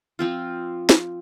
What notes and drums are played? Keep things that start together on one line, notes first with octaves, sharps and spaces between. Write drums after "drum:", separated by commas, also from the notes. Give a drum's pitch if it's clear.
F3 C4 F4
drum: snare